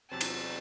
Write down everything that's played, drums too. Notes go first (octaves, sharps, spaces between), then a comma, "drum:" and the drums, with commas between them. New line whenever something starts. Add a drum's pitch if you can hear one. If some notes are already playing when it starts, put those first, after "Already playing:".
E2 C3 F#3 C4 A5
drum: cymbal